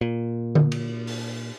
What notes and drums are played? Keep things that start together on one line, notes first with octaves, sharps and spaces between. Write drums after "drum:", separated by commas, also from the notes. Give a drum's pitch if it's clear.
A#2
drum: tom D3
drum: cymbal
drum: open hi-hat